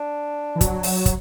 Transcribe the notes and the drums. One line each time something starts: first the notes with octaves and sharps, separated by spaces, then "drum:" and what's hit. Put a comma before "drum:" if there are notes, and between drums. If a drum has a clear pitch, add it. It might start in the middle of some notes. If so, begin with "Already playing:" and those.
Already playing: D4
E3
F#3, drum: kick, hi-hat
drum: open hi-hat
drum: kick, hi-hat